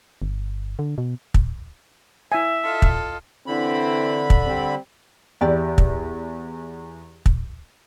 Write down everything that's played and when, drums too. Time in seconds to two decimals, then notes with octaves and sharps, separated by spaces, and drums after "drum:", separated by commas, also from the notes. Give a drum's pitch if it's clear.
0.22 G1
0.79 D3
0.98 B2
1.34 drum: kick
2.32 E4 E5 G#5
2.64 F4 A4 D#5
2.82 drum: kick
3.47 D3 E3 C4 E4 B5
4.30 drum: kick
4.45 G3 C4
5.41 E2 E4 G4 D5
5.78 drum: kick
7.26 drum: kick